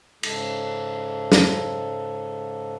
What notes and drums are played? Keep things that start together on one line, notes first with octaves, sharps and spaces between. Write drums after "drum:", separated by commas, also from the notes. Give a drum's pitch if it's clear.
G#2 C#3 G#3 A4, drum: cymbal
drum: snare